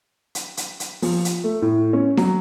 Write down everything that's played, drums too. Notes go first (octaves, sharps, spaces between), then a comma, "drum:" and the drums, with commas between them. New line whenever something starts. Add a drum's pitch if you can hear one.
drum: hi-hat
drum: hi-hat
drum: hi-hat
F3, drum: open hi-hat
drum: hi-hat
A3
A2
C#4
F#3, drum: snare D4